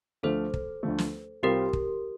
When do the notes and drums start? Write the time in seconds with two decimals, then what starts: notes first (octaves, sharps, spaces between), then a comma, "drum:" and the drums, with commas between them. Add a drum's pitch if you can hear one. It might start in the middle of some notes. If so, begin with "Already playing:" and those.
0.23 D2 D3 F3 A3 A4 C5
0.54 drum: kick
0.83 D2 D3 F3 A3
0.98 drum: snare
1.43 C2 C3 G3 C4 F4 G4 A#4
1.73 drum: kick